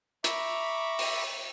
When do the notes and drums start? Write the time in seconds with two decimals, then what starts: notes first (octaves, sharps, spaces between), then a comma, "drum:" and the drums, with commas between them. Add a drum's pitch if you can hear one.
0.24 E5 A#5 B5 C#6 D6, drum: hi-hat
0.99 drum: open hi-hat